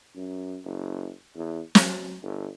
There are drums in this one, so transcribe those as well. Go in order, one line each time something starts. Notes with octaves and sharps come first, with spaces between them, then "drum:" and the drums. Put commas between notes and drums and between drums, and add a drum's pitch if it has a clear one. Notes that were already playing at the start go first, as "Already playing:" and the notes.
F#2
F#1
E2
F#3, drum: snare
G1